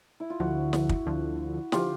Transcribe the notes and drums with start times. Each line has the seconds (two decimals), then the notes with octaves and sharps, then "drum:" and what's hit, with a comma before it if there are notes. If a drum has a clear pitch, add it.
0.20 E4
0.30 F4
0.40 D2 D3 F3 E4 F#4
0.73 drum: snare
0.89 drum: kick
1.06 D2 D3 F3
1.72 D3 F3 F4 G4, drum: snare